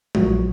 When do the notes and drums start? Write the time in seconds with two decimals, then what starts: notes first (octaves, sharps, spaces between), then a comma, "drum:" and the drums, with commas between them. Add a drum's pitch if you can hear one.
0.15 A#1 A#2 F#3 F#4, drum: tom G#3